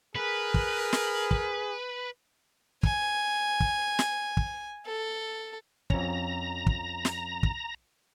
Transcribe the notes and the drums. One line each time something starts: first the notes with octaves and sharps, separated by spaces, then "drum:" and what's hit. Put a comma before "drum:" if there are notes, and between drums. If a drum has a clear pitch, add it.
G#4 A#4 B4
drum: kick
drum: snare
drum: kick
G#5, drum: kick
drum: kick
drum: snare
drum: kick
A4
F2 C#4 A#5, drum: kick
drum: kick
drum: snare
drum: kick